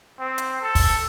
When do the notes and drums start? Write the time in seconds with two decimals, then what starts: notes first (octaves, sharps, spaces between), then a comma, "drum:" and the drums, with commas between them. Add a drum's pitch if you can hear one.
0.19 C4
0.38 drum: hi-hat
0.62 A4
0.75 drum: kick, open hi-hat